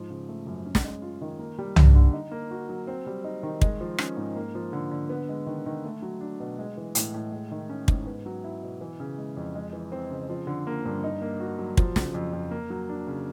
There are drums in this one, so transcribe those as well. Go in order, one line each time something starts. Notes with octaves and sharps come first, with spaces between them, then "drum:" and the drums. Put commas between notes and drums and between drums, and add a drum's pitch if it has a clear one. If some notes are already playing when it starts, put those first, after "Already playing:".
Already playing: G#2 F3
C#3
A3
F#2
C#4
drum: snare
G#3
F4
D#3
A#3
G3
D4, drum: tom
D3
D#4
A#3
F#4
F#3
C4
G3
D#4
D#3
G#3, drum: kick
F3
C#4, drum: rim click
G#2
A#3
F3
D3
D3
B3
G#3
D#3
D#3
A3
F#3
D4
B2
G#3
E3
A2, drum: hi-hat
A2
G#3
D#3
C#4
G#2, drum: kick
B3
F#3
E4
B2
E3
C#3
G#3
F2
G#3
E3
C4
C#3
F3
D3
A#3
G2
D#4
A#3
F#4
F#3
F3, drum: kick
C#3, drum: snare
F2
F2
A#3
F#3
D4
C#3